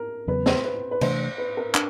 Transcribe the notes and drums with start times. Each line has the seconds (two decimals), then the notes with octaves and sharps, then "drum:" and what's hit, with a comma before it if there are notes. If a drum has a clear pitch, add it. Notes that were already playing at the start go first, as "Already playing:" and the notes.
Already playing: A#4
0.27 E2 C#3 F#3 B3 B4
0.46 C5, drum: snare
0.64 B4
0.91 B4
1.01 C3 E3 A3 D4 C5, drum: cymbal
1.38 B4
1.57 A#4
1.75 D4, drum: clap